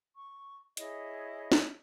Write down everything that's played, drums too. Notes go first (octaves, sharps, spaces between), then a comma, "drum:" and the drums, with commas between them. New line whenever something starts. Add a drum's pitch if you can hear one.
C#6
E4 G#4 C#5 D#5, drum: hi-hat
drum: snare